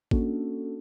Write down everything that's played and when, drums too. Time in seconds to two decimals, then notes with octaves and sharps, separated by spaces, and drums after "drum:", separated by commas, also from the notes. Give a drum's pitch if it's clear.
0.11 A#3 C#4 D4 F#4 A4, drum: kick